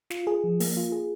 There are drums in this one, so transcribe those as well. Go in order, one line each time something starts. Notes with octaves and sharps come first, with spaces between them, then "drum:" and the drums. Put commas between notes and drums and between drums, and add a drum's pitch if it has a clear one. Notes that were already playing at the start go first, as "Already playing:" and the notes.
F4, drum: snare
G#4
F3
A#3, drum: open hi-hat
F4
G#4